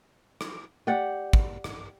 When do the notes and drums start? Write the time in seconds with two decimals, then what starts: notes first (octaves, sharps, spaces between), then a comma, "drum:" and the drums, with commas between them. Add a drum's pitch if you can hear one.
0.41 drum: rim click
0.87 G4 D5 F#5
1.33 drum: kick
1.64 drum: rim click